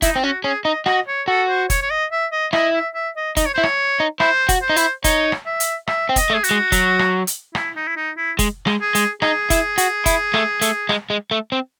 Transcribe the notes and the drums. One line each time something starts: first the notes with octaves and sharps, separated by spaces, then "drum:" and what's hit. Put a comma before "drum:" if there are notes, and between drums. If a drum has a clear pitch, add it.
D#4 E4, drum: kick, hi-hat
C4
C#4 F#4
C#4 G#4
D#4 D#5
F#4 D#5, drum: rim click
C#5
F#4 A4
C5
C#5, drum: kick, hi-hat
C#5
D#5
E5
D#5
E4 D#5, drum: rim click
E5
E5
D#5
D#4 D#5, drum: kick, hi-hat
C#5
E4 C5
C#5, drum: rim click
D#4
E4 C5, drum: rim click
F#4, drum: kick, hi-hat
C5
D#4
E4, drum: hi-hat
D#4 C#5, drum: kick, hi-hat
drum: rim click
E5
drum: hi-hat
E5, drum: rim click
C4
D#5, drum: kick, hi-hat
A3
G#4
F#4, drum: hi-hat
G#3
F#3, drum: kick, hi-hat
drum: rim click
drum: hi-hat
E4, drum: rim click
D#4
E4
D#4
E4
G#3, drum: kick, hi-hat
G#3, drum: rim click
G#4
G#3, drum: hi-hat
D#4 G#4, drum: rim click
E4, drum: kick, hi-hat
F#4, drum: hi-hat
E4, drum: kick, hi-hat
A3, drum: rim click
A3, drum: hi-hat
G#3, drum: rim click
G#3
A3
C4